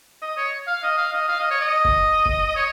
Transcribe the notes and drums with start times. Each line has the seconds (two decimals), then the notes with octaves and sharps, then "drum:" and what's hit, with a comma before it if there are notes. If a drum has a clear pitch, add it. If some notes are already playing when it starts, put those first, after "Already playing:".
0.22 D#5
0.37 C#5
0.67 F5
0.83 D#5
0.98 F5
1.13 D#5
1.29 F5
1.40 D#5
1.51 C#5
1.61 D#5
1.85 drum: kick F1
2.26 drum: kick F1
2.56 C#5